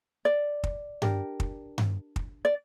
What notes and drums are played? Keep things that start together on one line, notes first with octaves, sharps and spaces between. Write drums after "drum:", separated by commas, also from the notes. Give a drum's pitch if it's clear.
D5
drum: kick
D4 G4 A#4, drum: tom G2
drum: kick
drum: tom G2
drum: kick
D5